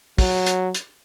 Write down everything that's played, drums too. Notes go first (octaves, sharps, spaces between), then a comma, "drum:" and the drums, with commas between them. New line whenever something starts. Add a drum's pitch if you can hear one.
F#3, drum: kick, open hi-hat
drum: hi-hat
drum: hi-hat